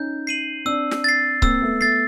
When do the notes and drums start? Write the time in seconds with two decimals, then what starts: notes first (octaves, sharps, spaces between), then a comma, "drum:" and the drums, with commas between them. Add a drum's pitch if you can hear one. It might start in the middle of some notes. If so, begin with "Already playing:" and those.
Already playing: C#4 D#4 G6
0.27 C7 D#7 F#7
0.65 C4 D4 E6
0.91 drum: snare
1.04 A6 C7
1.42 A#3 C4 E6, drum: kick C#1
1.61 A3 B3
1.81 A3 B3 A6 C7